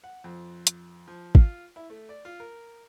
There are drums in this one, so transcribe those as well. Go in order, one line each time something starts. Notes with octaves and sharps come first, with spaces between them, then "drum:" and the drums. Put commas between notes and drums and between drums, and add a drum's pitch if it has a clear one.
F#5
F2
drum: hi-hat
F3
F4, drum: kick
E4
A3
D5
F4
A#4